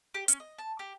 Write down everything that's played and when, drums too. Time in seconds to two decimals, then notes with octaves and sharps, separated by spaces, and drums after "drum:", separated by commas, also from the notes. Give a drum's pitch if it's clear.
0.14 G4
0.28 C#4, drum: hi-hat
0.40 D#5
0.58 A5
0.79 G4